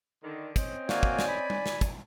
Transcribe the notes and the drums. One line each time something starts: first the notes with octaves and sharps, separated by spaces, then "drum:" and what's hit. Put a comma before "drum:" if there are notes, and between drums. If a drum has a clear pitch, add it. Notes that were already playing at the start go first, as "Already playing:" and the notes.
D3 D#3
C4 C#4 D#5, drum: kick, hi-hat
A#3 F#4 D5 F5 G#5, drum: snare
drum: kick
drum: snare
B5
drum: tom G3
drum: snare
drum: kick, hi-hat